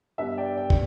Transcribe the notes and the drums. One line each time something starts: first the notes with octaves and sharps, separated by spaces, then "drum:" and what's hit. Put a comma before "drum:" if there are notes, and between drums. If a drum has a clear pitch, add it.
G2 G3 B3 B4 E5
D5 G5
D5 G5
drum: kick